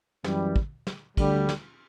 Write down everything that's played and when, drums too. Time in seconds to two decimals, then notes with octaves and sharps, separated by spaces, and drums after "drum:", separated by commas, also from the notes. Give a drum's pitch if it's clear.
0.24 F#2 E3 G3, drum: snare
0.56 drum: kick
0.87 drum: snare
1.17 D2 D3 G3, drum: kick, cymbal
1.49 drum: snare